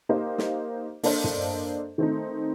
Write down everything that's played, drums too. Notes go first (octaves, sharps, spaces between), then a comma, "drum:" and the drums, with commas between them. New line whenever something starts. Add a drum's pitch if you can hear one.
A#3 D#4 G4 C5 D#5
drum: snare
A#3 D4 A4 C5 D#5, drum: open hi-hat
drum: tom
D#3 A3 C4 D#4